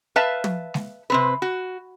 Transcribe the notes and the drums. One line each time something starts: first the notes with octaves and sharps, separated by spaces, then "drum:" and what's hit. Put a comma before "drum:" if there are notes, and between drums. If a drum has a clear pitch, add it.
B4 E5 F5 A5
drum: tom
drum: snare G#3
C3 C4 B4
F#4